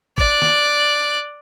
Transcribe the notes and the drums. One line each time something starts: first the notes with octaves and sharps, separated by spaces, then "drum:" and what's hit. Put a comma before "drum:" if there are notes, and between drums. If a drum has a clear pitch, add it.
D5 F#6, drum: kick
drum: snare